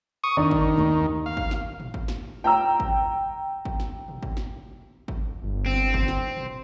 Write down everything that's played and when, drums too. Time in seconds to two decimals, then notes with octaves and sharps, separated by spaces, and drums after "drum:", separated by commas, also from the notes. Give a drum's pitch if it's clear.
0.24 C#6 D#6
0.37 D#3 D4 D5 C#6
0.51 drum: kick G#1
0.78 D#2
1.26 F5
1.37 drum: kick G#1
1.51 drum: snare
1.80 drum: tom A2
1.94 drum: kick G#1
2.08 drum: snare
2.44 G5 A#5 E6
2.80 drum: kick G#1
3.65 drum: kick G#1
3.80 drum: snare
4.08 drum: tom
4.23 drum: kick G#1
4.37 drum: snare
5.08 drum: kick G#1
5.43 G1
5.66 C4
5.94 drum: kick G#1
6.08 drum: snare
6.37 drum: tom